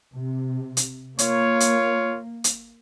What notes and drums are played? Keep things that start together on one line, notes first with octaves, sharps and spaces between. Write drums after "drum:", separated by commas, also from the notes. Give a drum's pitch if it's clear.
C3
drum: hi-hat
A#3 F4 C#5, drum: hi-hat
drum: hi-hat
drum: hi-hat